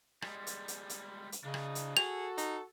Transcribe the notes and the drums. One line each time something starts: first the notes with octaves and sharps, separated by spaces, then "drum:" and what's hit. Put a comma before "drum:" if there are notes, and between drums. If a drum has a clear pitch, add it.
G3 G#3, drum: rim click
drum: hi-hat
drum: hi-hat
drum: hi-hat
drum: hi-hat
C#3 D4 D#5
drum: rim click
drum: hi-hat
F#4 G#4 A4 F7, drum: rim click
D#4, drum: hi-hat